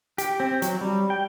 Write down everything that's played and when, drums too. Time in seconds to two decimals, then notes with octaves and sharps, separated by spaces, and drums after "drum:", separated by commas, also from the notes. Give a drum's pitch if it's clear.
0.18 G4, drum: hi-hat
0.40 C4
0.62 F#3, drum: hi-hat
0.81 G3
1.10 G5